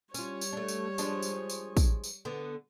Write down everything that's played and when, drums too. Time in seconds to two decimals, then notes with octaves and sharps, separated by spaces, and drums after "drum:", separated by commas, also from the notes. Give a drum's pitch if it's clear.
0.14 G3 C#4 F4 C#5, drum: tambourine
0.41 drum: tambourine
0.53 A3 D4
0.68 drum: tambourine
0.98 F3 G#3 D4, drum: tambourine
1.22 drum: tambourine
1.50 drum: tambourine
1.77 drum: kick, tambourine
2.04 drum: tambourine
2.25 D3 B3